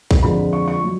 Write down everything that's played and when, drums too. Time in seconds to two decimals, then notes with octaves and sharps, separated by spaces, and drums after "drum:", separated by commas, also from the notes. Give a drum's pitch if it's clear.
0.11 drum: kick B1
0.23 F2 D3 F3 G#3 B5
0.53 C#6
0.68 C#6
0.84 F#3